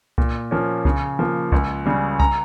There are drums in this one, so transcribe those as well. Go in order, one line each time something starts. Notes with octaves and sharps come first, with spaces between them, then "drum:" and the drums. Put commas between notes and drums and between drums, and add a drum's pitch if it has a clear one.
A#2, drum: kick C2
F3 A#3 C#4
C#3, drum: kick C2
F3 A#3
C#2, drum: kick C2
C#3 G3
A#5, drum: kick C2